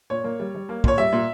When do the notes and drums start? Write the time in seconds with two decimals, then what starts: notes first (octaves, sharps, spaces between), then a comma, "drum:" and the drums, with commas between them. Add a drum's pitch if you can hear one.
0.10 A#2 C#5
0.24 A#3
0.40 G3
0.55 G3
0.69 A#3
0.84 A#2 C#5, drum: kick
0.97 G3 E5
1.12 A#2